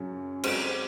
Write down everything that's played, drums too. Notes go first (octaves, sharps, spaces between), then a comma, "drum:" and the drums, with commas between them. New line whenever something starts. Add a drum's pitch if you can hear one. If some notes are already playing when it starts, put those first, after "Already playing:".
Already playing: F#2 C#3 F#3 C#4
G#3 C4 F#4 C5, drum: cymbal